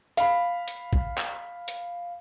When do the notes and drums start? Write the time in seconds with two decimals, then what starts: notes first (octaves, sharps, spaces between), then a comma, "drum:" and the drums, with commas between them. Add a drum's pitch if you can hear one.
0.17 F5 B5, drum: hi-hat
0.68 drum: hi-hat
0.93 drum: kick
1.18 drum: clap
1.68 drum: hi-hat